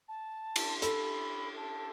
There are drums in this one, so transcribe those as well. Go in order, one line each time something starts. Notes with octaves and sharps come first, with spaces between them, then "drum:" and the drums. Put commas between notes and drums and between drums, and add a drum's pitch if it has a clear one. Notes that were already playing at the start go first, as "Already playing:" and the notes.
A5
drum: cymbal
A4 B5, drum: hi-hat
A5